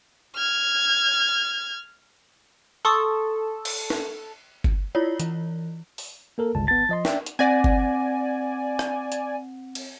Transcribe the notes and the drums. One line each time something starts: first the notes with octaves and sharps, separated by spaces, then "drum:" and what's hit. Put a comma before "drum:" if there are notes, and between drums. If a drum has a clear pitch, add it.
F6 G#6
A4 C6 C#6 D#6
drum: cymbal
drum: snare
drum: kick G1
E4 F4 C#5 D5
E3, drum: hi-hat
drum: open hi-hat
A#3 A4 A#4
G1 C#2 A5
G#1 B3 A5
F3 D#5 C6
D4 D5 E5 G5, drum: snare
drum: hi-hat
C4 D5 F#5 G#5 A#6
drum: kick G1
drum: rim click
drum: hi-hat
drum: cymbal